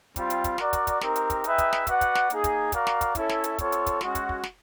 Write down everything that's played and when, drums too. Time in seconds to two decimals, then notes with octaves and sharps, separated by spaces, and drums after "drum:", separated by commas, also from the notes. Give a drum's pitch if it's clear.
0.16 G3 C4 F4, drum: kick, hi-hat
0.30 drum: hi-hat
0.44 drum: kick, hi-hat
0.58 F#4 A#4 D5, drum: snare
0.73 drum: kick, hi-hat
0.87 drum: kick, hi-hat
1.01 C4 D#4 G4 A#4, drum: snare
1.16 drum: hi-hat
1.30 drum: kick, hi-hat
1.44 D#4 G#4 B4 E5 G5, drum: hi-hat
1.58 drum: kick, hi-hat
1.73 drum: snare
1.87 F#4 B4 D5 F#5, drum: kick, hi-hat
2.01 drum: kick, hi-hat
2.15 drum: snare
2.30 A#3 D#4 G#4, drum: hi-hat
2.44 drum: kick, hi-hat
2.72 F#4 A#4 D5 F5, drum: kick, hi-hat
2.87 drum: snare
3.01 drum: kick, hi-hat
3.15 C#4 E4 A4 C#5 E5, drum: kick, hi-hat
3.29 drum: snare
3.44 drum: hi-hat
3.58 C4 F4 A4 C#5, drum: kick, hi-hat
3.72 drum: hi-hat
3.86 drum: kick, hi-hat
4.01 G#3 C#4 F#4, drum: snare
4.15 drum: kick, hi-hat
4.29 drum: kick
4.43 drum: snare